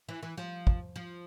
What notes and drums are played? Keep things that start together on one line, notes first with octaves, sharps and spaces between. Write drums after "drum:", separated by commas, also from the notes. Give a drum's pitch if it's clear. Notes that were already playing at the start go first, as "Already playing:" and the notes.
E3
E3
F3
drum: kick
F3